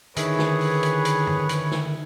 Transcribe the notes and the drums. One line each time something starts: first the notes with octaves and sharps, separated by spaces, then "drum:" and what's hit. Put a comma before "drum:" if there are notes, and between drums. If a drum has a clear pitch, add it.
D3 D#3 E4 G#4 B4 C#5, drum: hi-hat
drum: snare
drum: open hi-hat
drum: hi-hat
drum: hi-hat
drum: tom
drum: hi-hat
drum: snare